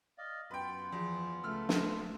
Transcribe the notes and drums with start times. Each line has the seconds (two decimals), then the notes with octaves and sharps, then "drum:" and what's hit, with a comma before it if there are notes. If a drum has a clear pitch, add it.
0.18 D5 D#5 F5
0.51 F#2 B3 F4 B4 G5
0.92 E2 F3
1.44 C#2 A3 E6 F6
1.69 drum: snare
1.82 F#3